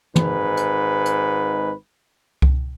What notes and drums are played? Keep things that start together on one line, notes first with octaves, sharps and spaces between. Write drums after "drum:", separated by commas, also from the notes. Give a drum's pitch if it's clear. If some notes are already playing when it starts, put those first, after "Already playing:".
G#1 G#2 B4, drum: tom
drum: hi-hat
drum: hi-hat
drum: kick C2